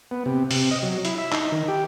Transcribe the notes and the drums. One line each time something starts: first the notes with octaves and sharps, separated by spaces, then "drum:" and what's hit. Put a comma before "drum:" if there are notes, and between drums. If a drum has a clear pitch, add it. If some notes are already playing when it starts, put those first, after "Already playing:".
B3
C3
C3, drum: open hi-hat
D#5
F#3
E4, drum: hi-hat
E5
D#4, drum: clap
D#3
G4